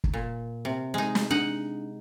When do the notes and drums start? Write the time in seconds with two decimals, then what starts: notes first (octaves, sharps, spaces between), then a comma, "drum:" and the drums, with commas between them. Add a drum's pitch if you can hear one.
0.04 drum: kick
0.14 A#2
0.65 C3
0.94 G#3 D#4
1.15 drum: snare
1.31 D4 D#4 F#5